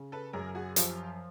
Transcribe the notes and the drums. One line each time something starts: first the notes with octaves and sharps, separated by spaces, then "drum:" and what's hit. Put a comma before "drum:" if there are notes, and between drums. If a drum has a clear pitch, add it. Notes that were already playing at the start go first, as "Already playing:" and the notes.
Already playing: C#3
A4 B4
F#2 G#4 A#4
F#4 G#4
F3 F4 G4, drum: hi-hat